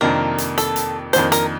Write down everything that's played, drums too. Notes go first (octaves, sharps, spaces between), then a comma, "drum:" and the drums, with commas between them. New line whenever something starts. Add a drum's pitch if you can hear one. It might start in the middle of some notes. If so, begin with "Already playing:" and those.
F2 C3 D#3 A#3 D4 A#4
drum: hi-hat
A4, drum: hi-hat
drum: hi-hat
F2 D#3 A#3 D4 C5, drum: hi-hat
A#4, drum: hi-hat